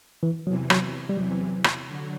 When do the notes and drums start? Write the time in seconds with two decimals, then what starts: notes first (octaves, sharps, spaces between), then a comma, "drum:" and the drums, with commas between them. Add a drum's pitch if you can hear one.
0.23 E3
0.46 E2 C3 E3 F#3
0.70 F#3, drum: rim click
1.09 G3
1.17 E2 C3 E3 F#3
1.64 drum: rim click
1.88 D3 F#3